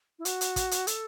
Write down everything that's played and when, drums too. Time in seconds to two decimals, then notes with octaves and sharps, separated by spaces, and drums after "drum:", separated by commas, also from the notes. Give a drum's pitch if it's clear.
0.19 E4
0.25 F#4, drum: hi-hat
0.41 drum: hi-hat
0.56 drum: kick, hi-hat
0.71 drum: hi-hat
0.87 A4, drum: hi-hat